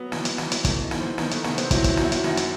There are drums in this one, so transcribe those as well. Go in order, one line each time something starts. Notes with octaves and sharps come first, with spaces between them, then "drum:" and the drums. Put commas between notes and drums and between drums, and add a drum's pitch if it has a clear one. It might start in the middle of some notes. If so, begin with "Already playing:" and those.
Already playing: F#3 B3
E3, drum: snare
drum: hi-hat
E3, drum: snare
drum: hi-hat
E3 A3, drum: kick, hi-hat
D#4
E3, drum: snare
C4
D#3 B3, drum: snare
A3, drum: hi-hat
C3 B3, drum: snare
C4, drum: hi-hat
F#3 E4, drum: kick, hi-hat
drum: kick, hi-hat
D#3 F#4, drum: snare
E4
F#4, drum: hi-hat
F#2, drum: snare
drum: hi-hat